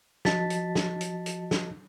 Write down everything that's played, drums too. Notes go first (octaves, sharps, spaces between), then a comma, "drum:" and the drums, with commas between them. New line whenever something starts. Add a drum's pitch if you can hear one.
F3 F#4 D#5 A5 A6 B6, drum: snare
drum: hi-hat
drum: snare
drum: hi-hat
drum: hi-hat
drum: snare